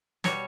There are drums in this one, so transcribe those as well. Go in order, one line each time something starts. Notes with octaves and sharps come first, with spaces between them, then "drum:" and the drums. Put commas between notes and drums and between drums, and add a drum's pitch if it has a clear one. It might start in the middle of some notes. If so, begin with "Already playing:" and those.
B2 G3 C#5, drum: snare